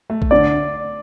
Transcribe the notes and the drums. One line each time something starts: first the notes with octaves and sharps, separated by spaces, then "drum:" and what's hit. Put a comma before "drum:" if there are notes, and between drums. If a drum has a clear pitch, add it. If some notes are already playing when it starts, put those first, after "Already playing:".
A3
drum: kick
D3 D5